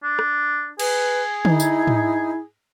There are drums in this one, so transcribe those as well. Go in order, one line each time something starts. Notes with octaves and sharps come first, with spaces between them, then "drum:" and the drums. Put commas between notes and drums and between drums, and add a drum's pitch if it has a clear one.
D4
drum: rim click
G#4 B4, drum: cymbal
D#4 E4, drum: tom D3
drum: tambourine
drum: tom